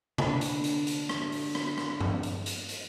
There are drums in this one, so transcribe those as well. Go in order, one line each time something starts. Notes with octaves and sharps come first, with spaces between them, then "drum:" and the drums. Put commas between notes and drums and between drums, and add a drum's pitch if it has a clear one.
D3 D4 B4, drum: tom C3
drum: hi-hat
drum: hi-hat
drum: hi-hat
drum: rim click
drum: open hi-hat
drum: rim click
drum: rim click
drum: tom G2
drum: hi-hat
drum: hi-hat
drum: hi-hat